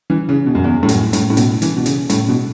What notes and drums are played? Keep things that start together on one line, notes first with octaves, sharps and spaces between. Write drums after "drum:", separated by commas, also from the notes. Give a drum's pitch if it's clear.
E3
C#3
B2
F#2
E2
A2
F#2, drum: hi-hat
A2, drum: hi-hat
A2
B2, drum: hi-hat
E3, drum: hi-hat
B2
C#3, drum: hi-hat
A2, drum: hi-hat
B2